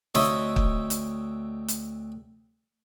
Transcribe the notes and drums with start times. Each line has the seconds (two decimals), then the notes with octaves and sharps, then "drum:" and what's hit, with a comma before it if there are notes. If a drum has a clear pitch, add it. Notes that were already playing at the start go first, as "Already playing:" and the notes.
0.15 D2 C4 C#5 D#5 E5, drum: snare
0.56 drum: kick
0.90 drum: hi-hat
1.68 drum: hi-hat